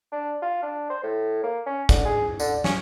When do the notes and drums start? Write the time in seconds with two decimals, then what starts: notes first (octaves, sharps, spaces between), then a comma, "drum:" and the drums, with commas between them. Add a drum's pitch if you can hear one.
0.12 D4
0.42 F4
0.63 D4
0.90 C5
1.03 A2
1.43 A#3
1.66 C#4
1.89 D3, drum: kick, tambourine
2.05 G#4
2.40 D3, drum: tambourine
2.64 C#4, drum: snare